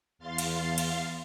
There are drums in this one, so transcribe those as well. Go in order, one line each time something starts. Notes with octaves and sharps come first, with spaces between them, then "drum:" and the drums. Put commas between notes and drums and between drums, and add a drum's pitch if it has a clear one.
E2 F5 C6 A6
drum: cymbal
drum: cymbal